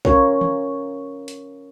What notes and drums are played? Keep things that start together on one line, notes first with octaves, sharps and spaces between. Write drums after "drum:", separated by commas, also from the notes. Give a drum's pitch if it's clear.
C#4 F4 A#4 C#5, drum: kick
drum: tom D#3
drum: hi-hat